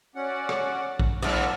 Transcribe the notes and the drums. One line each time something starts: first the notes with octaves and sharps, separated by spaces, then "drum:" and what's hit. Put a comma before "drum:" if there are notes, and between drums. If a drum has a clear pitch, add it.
C#4 F#4 D5 F#5
drum: rim click
drum: kick
G#2 F#3 B3 F4 A4 D5 E5